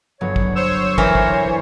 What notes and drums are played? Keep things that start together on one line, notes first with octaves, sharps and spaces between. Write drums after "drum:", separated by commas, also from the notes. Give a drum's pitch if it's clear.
G1 F#3 B3 C#5
drum: kick
C5 C#5 E6
E3 A#4, drum: kick
drum: kick